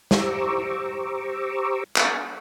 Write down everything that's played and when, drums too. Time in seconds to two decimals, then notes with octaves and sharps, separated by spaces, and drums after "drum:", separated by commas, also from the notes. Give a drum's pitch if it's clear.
0.11 G4 C5 A#5 C#6 D6 E6, drum: snare
1.96 drum: clap